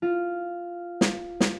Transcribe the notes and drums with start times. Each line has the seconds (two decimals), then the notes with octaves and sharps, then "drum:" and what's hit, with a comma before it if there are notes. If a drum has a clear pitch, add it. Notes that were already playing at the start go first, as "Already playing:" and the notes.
0.02 F4
1.01 drum: snare
1.40 drum: snare